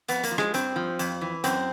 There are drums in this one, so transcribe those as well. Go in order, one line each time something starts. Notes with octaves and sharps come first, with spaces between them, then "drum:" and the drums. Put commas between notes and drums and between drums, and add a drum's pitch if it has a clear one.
F2 B3, drum: hi-hat
A#3, drum: hi-hat
F3
G#3, drum: rim click
G2 C4, drum: hi-hat
F3
F2, drum: hi-hat
E3
F#2 C4, drum: hi-hat